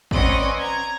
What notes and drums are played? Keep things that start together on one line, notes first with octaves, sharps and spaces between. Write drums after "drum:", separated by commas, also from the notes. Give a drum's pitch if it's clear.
C4 C#4 B4 D5 D#5 F#5, drum: kick G#1
A#5 G#6